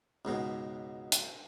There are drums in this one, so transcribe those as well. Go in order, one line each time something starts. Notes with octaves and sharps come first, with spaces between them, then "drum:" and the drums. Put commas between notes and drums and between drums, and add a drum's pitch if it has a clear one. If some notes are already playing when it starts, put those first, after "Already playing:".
C#2 G#2 B2
drum: hi-hat